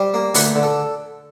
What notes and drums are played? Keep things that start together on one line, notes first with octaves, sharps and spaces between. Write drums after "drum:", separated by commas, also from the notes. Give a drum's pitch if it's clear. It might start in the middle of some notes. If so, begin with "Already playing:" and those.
Already playing: G3 C5
A#3
D2 B4, drum: open hi-hat
D3
A4